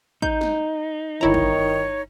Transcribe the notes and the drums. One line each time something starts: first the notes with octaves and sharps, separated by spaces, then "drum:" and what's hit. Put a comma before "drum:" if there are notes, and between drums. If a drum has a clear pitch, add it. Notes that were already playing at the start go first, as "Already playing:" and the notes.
D#4 G6, drum: kick
drum: snare
G1 D#3 E4 C#5 A#5
drum: kick